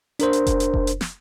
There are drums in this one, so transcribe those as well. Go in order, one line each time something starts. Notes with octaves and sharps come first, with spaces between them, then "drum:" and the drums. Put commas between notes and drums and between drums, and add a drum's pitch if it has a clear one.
D4 A#4 C5, drum: hi-hat
drum: hi-hat
drum: kick F1, hi-hat
drum: hi-hat
drum: kick F1
drum: hi-hat
drum: snare